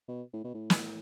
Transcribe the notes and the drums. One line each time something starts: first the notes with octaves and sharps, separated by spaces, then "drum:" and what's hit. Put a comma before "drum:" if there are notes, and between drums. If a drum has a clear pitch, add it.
B2
A2
B2
A2
drum: snare